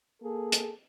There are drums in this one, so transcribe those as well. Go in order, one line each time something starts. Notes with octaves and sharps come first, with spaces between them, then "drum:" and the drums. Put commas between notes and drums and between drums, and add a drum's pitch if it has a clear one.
A#3 G#4 A4
drum: hi-hat